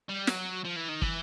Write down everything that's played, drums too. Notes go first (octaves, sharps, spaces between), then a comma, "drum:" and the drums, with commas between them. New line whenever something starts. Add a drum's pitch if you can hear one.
G3
F#3, drum: snare
F3
E3
D#3
E3, drum: kick